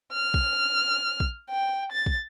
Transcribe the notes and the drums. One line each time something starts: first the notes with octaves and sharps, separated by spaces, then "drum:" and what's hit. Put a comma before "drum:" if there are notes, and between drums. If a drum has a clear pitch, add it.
F6
drum: kick
drum: kick
G5
A6
drum: kick